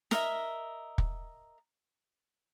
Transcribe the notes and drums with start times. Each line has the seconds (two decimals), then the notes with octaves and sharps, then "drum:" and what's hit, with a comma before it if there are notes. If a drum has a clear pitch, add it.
0.11 A#4 D#5 E5, drum: snare
0.98 drum: kick